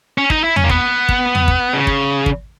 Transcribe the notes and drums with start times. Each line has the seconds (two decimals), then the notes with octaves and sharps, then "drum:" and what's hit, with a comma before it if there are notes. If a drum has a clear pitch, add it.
0.18 C#4
0.30 D#4, drum: kick
0.44 E4
0.56 C#4, drum: tom
0.64 A#3
0.70 B3, drum: kick
1.09 drum: kick
1.35 drum: tom
1.48 drum: kick
1.73 C#3
1.87 drum: kick
2.26 drum: kick